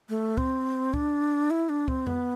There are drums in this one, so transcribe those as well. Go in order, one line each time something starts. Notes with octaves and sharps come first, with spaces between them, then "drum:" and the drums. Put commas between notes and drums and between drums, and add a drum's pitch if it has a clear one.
A3
C4, drum: kick
D4, drum: kick
E4
D4
C4, drum: kick
B3, drum: tom F2